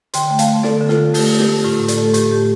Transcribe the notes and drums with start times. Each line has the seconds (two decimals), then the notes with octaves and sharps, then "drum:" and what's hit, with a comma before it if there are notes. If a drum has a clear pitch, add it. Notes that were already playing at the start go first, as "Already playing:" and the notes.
0.14 D3 G5 C6, drum: hi-hat
0.30 A3
0.39 F5 A5, drum: hi-hat
0.48 A3
0.63 D3 A4 D5, drum: snare
0.81 D3
0.89 F4 A4, drum: snare
0.97 D3
1.14 A3 G4, drum: open hi-hat
1.31 A3
1.40 G4, drum: snare
1.47 A3
1.64 A2 F4
1.80 A2
1.88 A4 D5, drum: hi-hat
1.97 A3
2.04 A4
2.14 A2 G4, drum: hi-hat
2.31 A3 G4